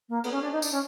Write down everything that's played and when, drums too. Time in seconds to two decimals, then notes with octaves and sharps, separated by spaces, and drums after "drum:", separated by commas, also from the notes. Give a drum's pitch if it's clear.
0.09 A#3
0.24 B3, drum: cymbal
0.32 C#4
0.42 D4
0.52 D#4
0.62 D4, drum: tambourine
0.72 C#4